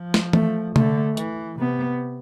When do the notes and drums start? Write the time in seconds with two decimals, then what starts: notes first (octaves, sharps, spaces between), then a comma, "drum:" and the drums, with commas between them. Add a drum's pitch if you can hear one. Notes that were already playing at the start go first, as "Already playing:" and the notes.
Already playing: F3
0.14 drum: snare
0.33 A3, drum: tom E3
0.76 D3 A3, drum: tom C3
1.17 E3, drum: hi-hat
1.59 C3 B3